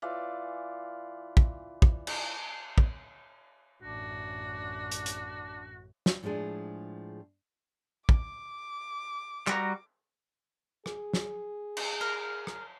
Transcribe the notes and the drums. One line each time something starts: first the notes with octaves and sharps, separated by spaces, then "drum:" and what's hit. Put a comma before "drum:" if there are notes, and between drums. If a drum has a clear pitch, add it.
E3 F4 D5
drum: kick
drum: kick
drum: cymbal
drum: kick
A1 F#2 D4 F#4
drum: hi-hat
drum: hi-hat
drum: snare
A2 F3 G#3 D4 G#4
D6, drum: kick
G3 F#4 A#5, drum: clap
G#4, drum: rim click
drum: snare
drum: cymbal
A#4
drum: rim click